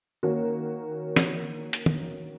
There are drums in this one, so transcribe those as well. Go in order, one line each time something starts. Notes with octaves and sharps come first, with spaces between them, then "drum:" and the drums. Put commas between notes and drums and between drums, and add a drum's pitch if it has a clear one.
D#3 A#3 C#4 F#4
drum: snare
drum: hi-hat
drum: tom